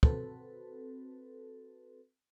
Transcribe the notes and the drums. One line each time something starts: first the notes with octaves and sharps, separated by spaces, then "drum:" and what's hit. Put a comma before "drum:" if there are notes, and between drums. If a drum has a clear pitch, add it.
C4 F#4 A4 B4, drum: kick